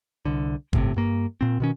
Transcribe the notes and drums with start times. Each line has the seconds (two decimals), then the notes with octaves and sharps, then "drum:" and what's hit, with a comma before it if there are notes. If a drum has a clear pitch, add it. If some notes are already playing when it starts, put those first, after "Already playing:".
0.25 C2 D3
0.73 G1 A2 C3, drum: kick G1
0.96 G2 A#3
1.41 A#2 C4
1.60 B2 D#3 C#4